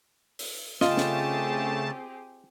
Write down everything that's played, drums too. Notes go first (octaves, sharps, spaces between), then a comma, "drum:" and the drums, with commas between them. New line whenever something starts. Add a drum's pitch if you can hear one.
drum: open hi-hat
C#3 A3 C4 F4 G4 G#4 D#5 A5, drum: snare
drum: snare